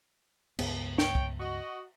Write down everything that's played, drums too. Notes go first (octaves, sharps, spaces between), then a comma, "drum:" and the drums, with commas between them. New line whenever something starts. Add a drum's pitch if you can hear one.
C#2 G2 B3, drum: cymbal
C#5 G5, drum: snare
drum: kick C2
F#4 D#5